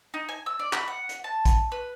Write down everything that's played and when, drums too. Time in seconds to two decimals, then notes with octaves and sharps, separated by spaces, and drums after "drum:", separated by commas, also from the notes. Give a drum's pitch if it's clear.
0.14 D#4
0.29 G#5
0.46 E6
0.59 D5
0.73 B5, drum: clap
0.88 F#5
1.09 drum: hi-hat
1.24 A5
1.45 drum: kick, hi-hat
1.72 B4